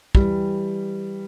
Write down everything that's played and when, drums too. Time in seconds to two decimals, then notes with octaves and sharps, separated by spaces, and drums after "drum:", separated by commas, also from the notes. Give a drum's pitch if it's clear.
0.15 E3 G3, drum: kick